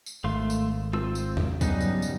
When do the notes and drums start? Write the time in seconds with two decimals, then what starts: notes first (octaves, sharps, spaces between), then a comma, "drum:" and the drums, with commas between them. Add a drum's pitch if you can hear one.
0.06 drum: tambourine
0.24 G#1 A3 F5 C6
0.50 drum: tambourine
0.93 C4 F4 E6, drum: tom G3
1.15 drum: tambourine
1.37 drum: tom E2
1.61 G2 C#3 F#3 G3 B3 D#4, drum: kick, tambourine
1.80 drum: tambourine
2.02 drum: tambourine